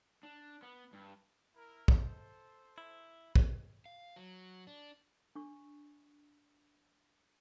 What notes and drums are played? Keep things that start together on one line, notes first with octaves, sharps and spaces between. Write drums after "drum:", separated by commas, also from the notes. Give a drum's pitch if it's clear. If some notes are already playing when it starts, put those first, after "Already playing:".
D4
B3
G2
E4 A#4
A4 C5, drum: kick
E4
drum: kick
F5
F#3
D4
D4 C#6